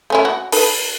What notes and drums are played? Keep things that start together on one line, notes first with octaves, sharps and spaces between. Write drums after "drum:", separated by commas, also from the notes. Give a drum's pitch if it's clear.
A3 C#4 E4
F#4
D#4 A4 B4, drum: open hi-hat